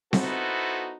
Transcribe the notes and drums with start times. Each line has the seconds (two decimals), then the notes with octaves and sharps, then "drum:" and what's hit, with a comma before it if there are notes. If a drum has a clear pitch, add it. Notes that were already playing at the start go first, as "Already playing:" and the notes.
0.13 B3 D#4 E4 F#4 A4 C5, drum: snare C4